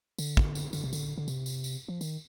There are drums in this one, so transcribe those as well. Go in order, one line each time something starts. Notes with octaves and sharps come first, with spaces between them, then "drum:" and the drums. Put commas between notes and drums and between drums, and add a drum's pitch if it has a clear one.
D3, drum: tambourine
drum: kick
drum: tambourine
D3, drum: tambourine
C3
D3, drum: tambourine
D3
C3, drum: tambourine
drum: tambourine
drum: tambourine
F3
D#3, drum: tambourine